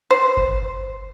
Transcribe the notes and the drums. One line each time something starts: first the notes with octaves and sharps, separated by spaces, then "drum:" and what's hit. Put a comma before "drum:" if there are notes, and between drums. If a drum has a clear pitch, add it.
C5
drum: kick G1